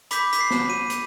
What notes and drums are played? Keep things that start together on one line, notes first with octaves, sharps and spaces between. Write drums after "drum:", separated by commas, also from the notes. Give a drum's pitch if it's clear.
B5 D6 G6 B6, drum: hi-hat
B6, drum: hi-hat
C7
drum: snare
D#7
drum: hi-hat